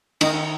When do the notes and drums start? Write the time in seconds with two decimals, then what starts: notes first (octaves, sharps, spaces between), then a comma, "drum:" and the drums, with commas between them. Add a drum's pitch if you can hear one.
0.21 D#3 D#5, drum: cymbal